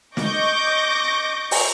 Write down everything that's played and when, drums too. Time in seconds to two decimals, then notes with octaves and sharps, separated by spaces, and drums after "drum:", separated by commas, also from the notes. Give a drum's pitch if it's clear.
0.17 D#5 C#6 D6 G6 A#6, drum: snare
1.51 drum: open hi-hat